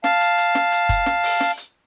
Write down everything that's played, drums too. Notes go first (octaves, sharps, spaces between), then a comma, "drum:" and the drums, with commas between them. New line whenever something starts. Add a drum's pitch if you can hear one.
F5 A5, drum: snare
drum: hi-hat
drum: hi-hat
drum: snare
drum: hi-hat
drum: kick, hi-hat
drum: snare
drum: open hi-hat
drum: snare
drum: hi-hat